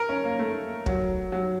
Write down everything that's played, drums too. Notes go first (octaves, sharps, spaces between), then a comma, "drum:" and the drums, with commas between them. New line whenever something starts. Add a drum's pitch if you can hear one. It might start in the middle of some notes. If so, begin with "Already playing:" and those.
Already playing: A#4
C#4
A#3
A3
F#3, drum: kick
F#3